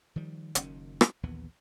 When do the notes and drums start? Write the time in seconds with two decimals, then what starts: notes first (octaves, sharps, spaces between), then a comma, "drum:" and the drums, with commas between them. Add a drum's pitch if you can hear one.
0.16 D#3 F3 G3
0.55 F#1 F#2 D#3 C#4, drum: hi-hat
1.01 drum: rim click
1.23 A#1 D#2 E3 B3